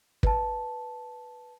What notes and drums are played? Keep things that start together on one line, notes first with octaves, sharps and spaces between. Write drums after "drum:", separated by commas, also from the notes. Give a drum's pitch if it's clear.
B4 A5, drum: kick